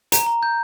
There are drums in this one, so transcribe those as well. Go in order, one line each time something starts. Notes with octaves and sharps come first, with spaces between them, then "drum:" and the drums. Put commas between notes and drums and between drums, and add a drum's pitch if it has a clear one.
A#5, drum: hi-hat
A#5
G6